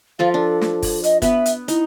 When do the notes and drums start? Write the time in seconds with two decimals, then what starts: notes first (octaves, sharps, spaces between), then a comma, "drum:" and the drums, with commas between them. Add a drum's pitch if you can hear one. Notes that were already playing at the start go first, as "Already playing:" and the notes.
0.19 F3 F4 A4 F5
0.34 D4 A4
0.61 drum: snare
0.82 drum: kick F#1, open hi-hat
1.04 D#5, drum: hi-hat
1.22 B3 B4 E5, drum: kick F#1, hi-hat
1.46 drum: hi-hat
1.68 D#4 E4, drum: hi-hat